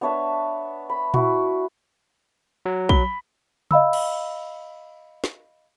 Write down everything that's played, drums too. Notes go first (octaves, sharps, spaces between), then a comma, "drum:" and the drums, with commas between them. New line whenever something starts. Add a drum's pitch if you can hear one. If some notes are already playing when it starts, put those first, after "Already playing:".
B3 D4 C#5 E5
B5
E4 F#4, drum: tom A#2
F#3
B5 G7, drum: kick
D#5 F5 B5 E6, drum: tom C#3
drum: cymbal
drum: snare